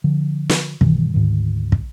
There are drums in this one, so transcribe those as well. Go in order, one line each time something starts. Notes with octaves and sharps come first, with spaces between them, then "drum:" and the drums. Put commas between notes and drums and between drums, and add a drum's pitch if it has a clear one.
D3 F3
drum: snare
G2 B2 D#3 E3, drum: kick
D2 G#2 D#3
drum: kick